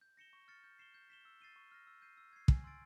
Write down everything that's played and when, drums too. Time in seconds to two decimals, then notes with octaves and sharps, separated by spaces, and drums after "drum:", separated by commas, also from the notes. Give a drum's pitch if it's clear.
0.01 G6
0.17 A#6 C#7 E7 G7
0.33 C#6
0.48 F6 A6 C#7
0.64 G6
0.79 C7 E7 G7
0.94 G6
1.10 B6 E7 G7
1.25 E6
1.40 A6 C7 D#7 G7
1.56 C#6
1.72 F6 A#6
1.87 E6
2.02 G6 C7 D#7
2.17 E6
2.33 G#6 C7
2.48 G#5, drum: kick
2.64 C6 E6 A6 D7